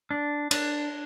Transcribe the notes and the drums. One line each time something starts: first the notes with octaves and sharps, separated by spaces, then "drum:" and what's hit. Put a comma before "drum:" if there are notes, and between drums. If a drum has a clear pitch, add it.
D4
D4, drum: cymbal